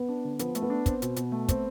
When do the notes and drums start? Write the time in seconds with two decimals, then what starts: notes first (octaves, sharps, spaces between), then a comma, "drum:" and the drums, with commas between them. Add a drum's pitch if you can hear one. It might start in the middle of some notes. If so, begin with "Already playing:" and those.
Already playing: B3
0.09 D4
0.25 D3
0.39 F3 B3, drum: hi-hat
0.55 A3, drum: hi-hat
0.62 B3
0.70 D4
0.86 C4, drum: kick, hi-hat
1.02 B2, drum: hi-hat
1.16 B2, drum: hi-hat
1.32 A3
1.49 C4, drum: kick, hi-hat